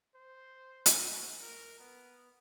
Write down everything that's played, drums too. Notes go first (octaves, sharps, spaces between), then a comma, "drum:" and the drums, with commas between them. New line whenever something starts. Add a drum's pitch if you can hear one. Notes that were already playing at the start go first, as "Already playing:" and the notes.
C5
drum: hi-hat
F#4
A#4
B3